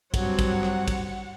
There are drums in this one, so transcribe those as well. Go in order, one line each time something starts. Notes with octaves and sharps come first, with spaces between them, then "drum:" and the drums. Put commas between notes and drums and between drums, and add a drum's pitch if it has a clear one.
G2 F#3 C4 F#5, drum: kick, cymbal
drum: kick, cymbal
drum: rim click
drum: kick, cymbal